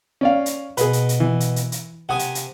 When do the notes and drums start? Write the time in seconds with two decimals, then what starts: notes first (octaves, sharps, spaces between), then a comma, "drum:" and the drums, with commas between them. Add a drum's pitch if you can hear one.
0.21 C#4 D5 F5
0.46 drum: hi-hat
0.77 B2 G#4 B4, drum: hi-hat
0.93 drum: hi-hat
1.09 drum: hi-hat
1.20 E3
1.40 drum: hi-hat
1.56 drum: hi-hat
1.72 drum: hi-hat
2.09 C3 F#5 G#5 D#6
2.19 drum: hi-hat
2.35 drum: hi-hat